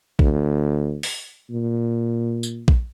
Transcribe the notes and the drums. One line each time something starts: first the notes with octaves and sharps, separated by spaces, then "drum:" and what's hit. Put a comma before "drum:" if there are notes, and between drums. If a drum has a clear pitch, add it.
D2, drum: kick A#1
drum: open hi-hat
A#2
drum: tambourine
drum: kick A#1